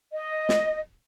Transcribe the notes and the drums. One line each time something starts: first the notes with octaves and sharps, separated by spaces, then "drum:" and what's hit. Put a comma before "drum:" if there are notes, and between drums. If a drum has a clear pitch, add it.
D#5
drum: snare